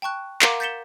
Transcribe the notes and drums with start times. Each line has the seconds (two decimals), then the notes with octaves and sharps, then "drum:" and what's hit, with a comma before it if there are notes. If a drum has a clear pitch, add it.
0.02 G5 A5 C#6 F#6
0.42 A#4 F5 F#5 A#5 C6 D6, drum: clap
0.60 G6 A6 B6 C#7 E7 G7